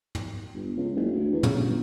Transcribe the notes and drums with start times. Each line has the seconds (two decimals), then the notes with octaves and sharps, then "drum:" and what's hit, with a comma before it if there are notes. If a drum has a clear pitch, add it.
0.15 drum: tom
0.54 G1
0.77 C#2
0.96 F#1
1.12 D2
1.31 E2
1.43 C#3, drum: tom
1.58 G1